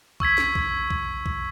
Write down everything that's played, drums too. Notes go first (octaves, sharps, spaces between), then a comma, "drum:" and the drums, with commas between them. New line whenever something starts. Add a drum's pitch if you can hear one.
C#6 E6 G#6 B6, drum: kick
drum: snare
drum: kick
drum: kick
drum: kick